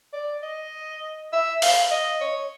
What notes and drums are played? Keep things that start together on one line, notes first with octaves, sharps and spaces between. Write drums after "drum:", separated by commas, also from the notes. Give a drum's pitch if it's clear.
D5
D#5
E5
F5, drum: open hi-hat
D#5
C#5